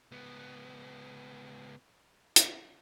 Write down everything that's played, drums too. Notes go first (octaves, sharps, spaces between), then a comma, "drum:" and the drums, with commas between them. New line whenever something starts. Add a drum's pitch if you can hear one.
C#2 B3
drum: hi-hat